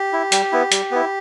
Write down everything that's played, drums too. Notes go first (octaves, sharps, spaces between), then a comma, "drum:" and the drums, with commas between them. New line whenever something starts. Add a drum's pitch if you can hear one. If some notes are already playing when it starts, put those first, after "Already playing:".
Already playing: G4
E4
G3, drum: hi-hat
B3 E4
G3, drum: hi-hat
B3 E4